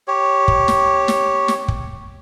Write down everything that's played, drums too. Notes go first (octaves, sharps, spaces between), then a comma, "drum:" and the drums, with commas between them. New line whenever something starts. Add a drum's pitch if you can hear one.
G4 C#5
drum: kick
drum: snare
drum: snare
drum: snare
drum: kick